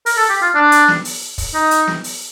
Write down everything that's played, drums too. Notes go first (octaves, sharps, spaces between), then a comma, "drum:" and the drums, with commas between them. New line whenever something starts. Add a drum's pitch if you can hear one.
A#4, drum: open hi-hat
A4
G4
F4
D4
drum: hi-hat
drum: snare
drum: open hi-hat
drum: kick, open hi-hat
D#4
drum: hi-hat
drum: snare
drum: open hi-hat